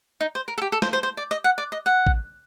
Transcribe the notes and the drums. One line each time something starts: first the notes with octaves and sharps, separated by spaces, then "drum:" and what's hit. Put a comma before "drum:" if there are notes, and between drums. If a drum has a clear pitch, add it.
D#4
C5
A#4
A4
G4
A4
C5, drum: snare
C5
C5
D5
D#5
F#5
D5
D#5
F#5
drum: kick A1